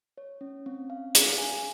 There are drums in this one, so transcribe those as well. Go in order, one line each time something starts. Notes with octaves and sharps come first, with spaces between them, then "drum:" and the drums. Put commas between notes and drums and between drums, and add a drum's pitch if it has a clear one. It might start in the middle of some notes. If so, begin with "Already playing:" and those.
C#5
C#4
C4
F5
G#4, drum: hi-hat
G#5